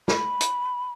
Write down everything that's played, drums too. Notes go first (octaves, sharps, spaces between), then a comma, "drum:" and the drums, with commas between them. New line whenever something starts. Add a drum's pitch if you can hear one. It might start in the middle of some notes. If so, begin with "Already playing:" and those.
B5, drum: snare
drum: hi-hat